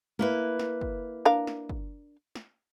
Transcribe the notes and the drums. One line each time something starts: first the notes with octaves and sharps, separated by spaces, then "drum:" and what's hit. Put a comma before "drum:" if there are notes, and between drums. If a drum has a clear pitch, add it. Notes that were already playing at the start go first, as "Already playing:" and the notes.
A#3 E4 B4
drum: snare
drum: kick
D4 A#4 F5
drum: snare
drum: kick
drum: snare